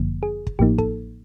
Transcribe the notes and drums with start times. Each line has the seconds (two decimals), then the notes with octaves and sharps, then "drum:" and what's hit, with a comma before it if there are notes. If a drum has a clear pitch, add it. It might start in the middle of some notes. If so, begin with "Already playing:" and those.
Already playing: G1 F#2 D3 F3 A#3
0.23 G#4
0.47 drum: kick
0.59 A1 A2 F3 A#3 D#4 G4
0.78 A4, drum: kick